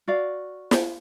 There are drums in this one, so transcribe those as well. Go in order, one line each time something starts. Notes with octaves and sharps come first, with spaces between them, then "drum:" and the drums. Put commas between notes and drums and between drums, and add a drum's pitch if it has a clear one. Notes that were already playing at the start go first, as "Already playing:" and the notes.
F#4 D5 F5
drum: snare